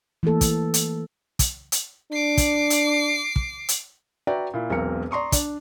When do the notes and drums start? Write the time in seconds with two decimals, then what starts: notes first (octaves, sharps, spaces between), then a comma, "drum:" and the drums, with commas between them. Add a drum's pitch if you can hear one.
0.23 E3 A3 A#3 A4
0.41 drum: kick, hi-hat
0.74 drum: hi-hat
1.39 drum: kick, hi-hat
1.72 drum: hi-hat
2.12 D4 D6 C7
2.37 drum: kick, hi-hat
2.70 drum: hi-hat
3.36 drum: kick
3.69 drum: hi-hat
4.27 F#4 B4 D5 E5 G5 A#5
4.54 A#2 E4
4.70 E1 B1 C4 A#4 C#7
5.11 D5 A#5 C6 C#6 D#6
5.32 D4 D5, drum: kick, hi-hat